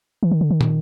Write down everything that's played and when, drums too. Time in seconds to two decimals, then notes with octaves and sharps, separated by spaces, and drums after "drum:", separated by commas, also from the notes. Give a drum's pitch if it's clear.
0.23 E3
0.31 D#3
0.41 D3
0.51 D#3
0.61 drum: tom